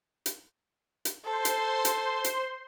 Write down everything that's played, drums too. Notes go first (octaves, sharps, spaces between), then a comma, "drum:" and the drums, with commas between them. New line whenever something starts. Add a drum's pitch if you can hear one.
drum: hi-hat
drum: hi-hat
A4 C5 C6
drum: hi-hat
drum: hi-hat
drum: hi-hat